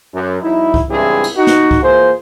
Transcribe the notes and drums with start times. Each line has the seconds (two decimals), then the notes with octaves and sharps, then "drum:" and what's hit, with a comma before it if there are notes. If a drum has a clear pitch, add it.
0.13 F#2
0.42 E2 F#3 D#4 E4
0.74 drum: kick C2
0.89 C#2 G2 E3 C4 E4 G#4
1.24 drum: cymbal
1.37 D#4 F#4
1.47 drum: snare
1.71 drum: kick C2
1.82 E3 A#3 F4 G#4 C5